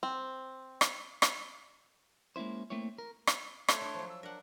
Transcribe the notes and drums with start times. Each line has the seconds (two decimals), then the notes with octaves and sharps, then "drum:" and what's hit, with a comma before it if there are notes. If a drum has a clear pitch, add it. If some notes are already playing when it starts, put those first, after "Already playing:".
0.03 C4
0.81 drum: rim click
1.22 drum: rim click
2.36 G#3 A#3 C#4 E4 C5
2.70 A3 A#3 C4 E4 C#5
2.98 A#4
3.27 drum: rim click
3.68 A3 C#5 C6, drum: rim click
3.81 D4 E4
3.94 F3 F#3
4.10 E6
4.23 D4 A#4 F#5